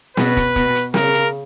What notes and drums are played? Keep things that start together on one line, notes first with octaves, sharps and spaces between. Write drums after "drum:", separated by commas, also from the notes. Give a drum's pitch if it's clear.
B2 B4, drum: snare
drum: kick, hi-hat
B2, drum: kick, hi-hat
drum: hi-hat
C#3 A#4, drum: snare
drum: hi-hat